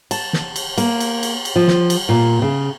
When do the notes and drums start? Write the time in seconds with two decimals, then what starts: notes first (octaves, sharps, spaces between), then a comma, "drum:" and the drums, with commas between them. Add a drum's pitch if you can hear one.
0.11 A5, drum: cymbal
0.33 drum: snare
0.56 drum: cymbal
0.78 A#3, drum: cymbal
1.00 drum: cymbal
1.23 drum: cymbal
1.45 drum: cymbal
1.56 F3
1.68 drum: snare
1.90 drum: cymbal
2.09 A#2
2.42 C#3